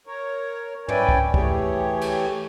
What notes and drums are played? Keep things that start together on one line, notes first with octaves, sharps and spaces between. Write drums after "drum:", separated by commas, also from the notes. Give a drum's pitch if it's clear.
A#4 C#5
C#4 E4 B4 D5 G5 G#5, drum: tom
drum: kick
E3 A3 G4 G#4 C#5, drum: kick
drum: cymbal